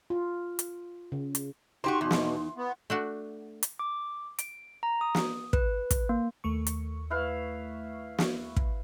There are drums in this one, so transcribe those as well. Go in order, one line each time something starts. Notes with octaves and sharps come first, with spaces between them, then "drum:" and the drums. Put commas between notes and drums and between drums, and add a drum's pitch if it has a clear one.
F4
drum: hi-hat
C#3
drum: hi-hat
D#4 F#4 G4 C5 C6
E2 B2
drum: snare
B3
A3 D4 F#4
drum: hi-hat
D6
D7, drum: hi-hat
A#5
D#6
drum: snare
B4, drum: kick
drum: kick, hi-hat
A#3
D#2 A3 C#6
drum: hi-hat
E4 B4 F5
drum: snare
drum: kick